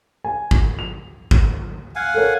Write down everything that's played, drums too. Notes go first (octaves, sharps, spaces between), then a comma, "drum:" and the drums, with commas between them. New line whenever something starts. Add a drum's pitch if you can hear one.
G#5
drum: kick
F7
drum: kick
F5 F#5 G#5
A4 A#4 C#5